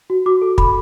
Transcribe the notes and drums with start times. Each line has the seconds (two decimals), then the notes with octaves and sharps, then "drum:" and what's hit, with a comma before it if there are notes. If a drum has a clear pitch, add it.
0.10 F#4
0.26 F#4 D6
0.42 A4
0.58 A4 B5, drum: kick